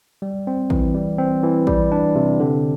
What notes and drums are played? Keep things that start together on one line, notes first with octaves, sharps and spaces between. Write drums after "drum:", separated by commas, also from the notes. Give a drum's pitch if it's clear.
G3
C4
E3, drum: kick
G3
C4
E3
G3, drum: kick
D4
C3
D3